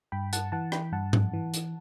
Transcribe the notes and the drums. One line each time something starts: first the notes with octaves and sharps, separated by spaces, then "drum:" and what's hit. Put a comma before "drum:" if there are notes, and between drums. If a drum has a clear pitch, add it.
G2 G5 B5
F#5 A5, drum: hi-hat
E3 F#5 A5
G5 B5, drum: rim click
G2 F#5 A5
drum: tom G#2
E3
drum: hi-hat